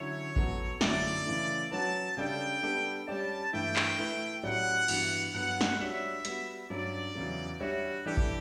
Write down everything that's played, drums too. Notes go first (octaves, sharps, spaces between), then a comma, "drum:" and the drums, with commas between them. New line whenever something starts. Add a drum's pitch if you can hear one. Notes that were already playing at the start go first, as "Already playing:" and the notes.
Already playing: D3 F#3 C#4 E4 C#5
F#3 B3 F#4 A4, drum: kick A1
F#2 D3 F#3 A3 E4 D5, drum: snare
C#3 E3 A3 E4
F#3 C#4 F#4 B4 A5
C#3 G3 D4 A4 D5 G5
G3 B3 D4 A4
G3 C#4 G4 D5 A5
G2 E3 A3 E4 G5
drum: clap
A3 E4 B4
A2 F#3 C#4 G4 D5 F#5
G2 E3 B3 F#4, drum: cymbal
G2 F#3 B3 F#5
drum: snare
G3 D4 F#4 C#5 E5
G3 B3 F#4, drum: hi-hat
G2 F#3 C#4 D5
E2 C#3 F#3
G3 D4 F#4 G4 C#5 E5
E3 G3 D4 G4 A4
drum: kick A1